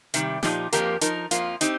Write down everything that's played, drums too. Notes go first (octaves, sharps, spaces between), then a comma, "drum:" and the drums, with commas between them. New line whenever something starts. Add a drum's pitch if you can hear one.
C3 D#3 G3, drum: hi-hat
A#2 F3 D#4 G4, drum: snare
F2 F3 A#3 G4 A#4, drum: hi-hat
F3 D#4 A#4, drum: hi-hat
F2 F3 A#3 F4, drum: hi-hat
C4 D#4 G4, drum: hi-hat